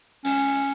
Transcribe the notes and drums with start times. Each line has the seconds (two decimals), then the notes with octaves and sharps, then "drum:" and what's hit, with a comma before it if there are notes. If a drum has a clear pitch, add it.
0.25 C#4, drum: open hi-hat